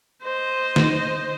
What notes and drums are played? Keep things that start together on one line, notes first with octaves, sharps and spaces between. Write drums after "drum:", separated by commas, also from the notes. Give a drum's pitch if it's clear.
C5 D#5
drum: snare